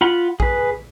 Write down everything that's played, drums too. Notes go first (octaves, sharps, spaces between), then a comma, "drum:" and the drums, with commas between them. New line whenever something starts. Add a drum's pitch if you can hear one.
F4 F#5 B5
G#4 B4, drum: kick A#1